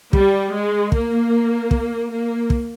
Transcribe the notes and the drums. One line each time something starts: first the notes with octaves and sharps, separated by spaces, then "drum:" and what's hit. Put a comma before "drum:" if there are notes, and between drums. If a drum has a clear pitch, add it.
G3, drum: kick
G#3
A#3, drum: kick
drum: kick
A#3
drum: kick